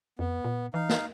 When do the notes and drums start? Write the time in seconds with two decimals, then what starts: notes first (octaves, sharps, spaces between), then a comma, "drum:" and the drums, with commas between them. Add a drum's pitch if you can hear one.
0.19 F2 B3
0.44 A#2
0.74 E3 D#4 F5
0.89 drum: snare